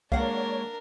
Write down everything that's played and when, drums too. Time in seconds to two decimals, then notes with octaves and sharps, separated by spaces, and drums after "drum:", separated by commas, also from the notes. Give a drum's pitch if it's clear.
0.12 G#3 A#3 D4 A#4 C#5 D5 F5 F#5, drum: kick